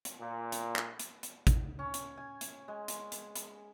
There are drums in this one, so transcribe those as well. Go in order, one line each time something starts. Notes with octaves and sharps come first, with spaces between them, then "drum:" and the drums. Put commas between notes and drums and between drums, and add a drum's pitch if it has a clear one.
drum: hi-hat
A#2
drum: hi-hat
drum: clap
drum: hi-hat
drum: hi-hat
drum: kick, hi-hat
C#4
drum: hi-hat
G#5
drum: hi-hat
G#3
drum: hi-hat
drum: hi-hat
drum: hi-hat